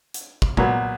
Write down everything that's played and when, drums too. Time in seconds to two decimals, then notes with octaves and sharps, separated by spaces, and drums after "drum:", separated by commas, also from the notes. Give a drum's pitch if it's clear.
0.14 drum: hi-hat
0.42 drum: kick
0.57 A#2 F#3 B3, drum: kick